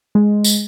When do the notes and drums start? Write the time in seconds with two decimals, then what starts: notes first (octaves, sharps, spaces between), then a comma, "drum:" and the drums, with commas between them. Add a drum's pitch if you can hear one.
0.15 G#3
0.44 drum: tambourine